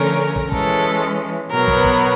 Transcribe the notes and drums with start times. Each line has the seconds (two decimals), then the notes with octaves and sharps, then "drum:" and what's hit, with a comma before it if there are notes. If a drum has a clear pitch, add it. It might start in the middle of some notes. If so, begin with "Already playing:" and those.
Already playing: D3 F3 A3 C#4 A#4
0.36 drum: kick
0.52 E3 G#3 C#4 A4, drum: kick
1.51 B2 F#3 B3 A#4
1.68 drum: kick
1.84 drum: kick